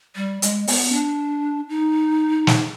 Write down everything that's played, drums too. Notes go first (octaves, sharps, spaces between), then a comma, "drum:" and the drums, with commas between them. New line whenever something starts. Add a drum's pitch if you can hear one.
G3
G#3, drum: hi-hat
B3, drum: open hi-hat
D4
D#4
drum: snare